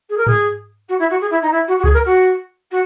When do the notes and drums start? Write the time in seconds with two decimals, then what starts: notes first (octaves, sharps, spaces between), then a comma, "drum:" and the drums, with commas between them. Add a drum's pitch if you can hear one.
0.09 G#4
0.17 A#4
0.27 G#4, drum: tom G#2
0.88 F#4
0.99 E4
1.10 F#4
1.21 G#4
1.30 E4
1.42 D#4
1.51 E4
1.67 F#4
1.79 F#4
1.84 G#4, drum: kick C#2
1.93 A#4
2.05 F#4
2.71 F#4